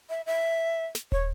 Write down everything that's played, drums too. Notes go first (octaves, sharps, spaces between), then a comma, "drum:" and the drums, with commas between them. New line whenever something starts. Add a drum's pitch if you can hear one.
E5
E5
drum: snare
C#5, drum: kick